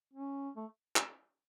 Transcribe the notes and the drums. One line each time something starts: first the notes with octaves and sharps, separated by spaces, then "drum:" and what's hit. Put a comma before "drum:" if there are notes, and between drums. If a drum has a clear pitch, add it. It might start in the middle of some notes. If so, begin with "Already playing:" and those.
C#4
A3
drum: clap